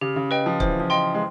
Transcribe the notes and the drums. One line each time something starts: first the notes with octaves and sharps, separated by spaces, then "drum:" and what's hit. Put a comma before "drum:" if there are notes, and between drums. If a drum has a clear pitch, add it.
C#3 G4
C#3
B4 D#5 G5
F3
E3 C5, drum: kick
F3
D#5 G5 C6
G#3